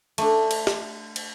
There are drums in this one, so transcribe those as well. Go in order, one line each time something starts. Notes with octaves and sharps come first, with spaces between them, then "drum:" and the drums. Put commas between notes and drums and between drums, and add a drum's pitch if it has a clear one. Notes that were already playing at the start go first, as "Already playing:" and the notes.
A3 D4, drum: cymbal
drum: cymbal
drum: snare
drum: cymbal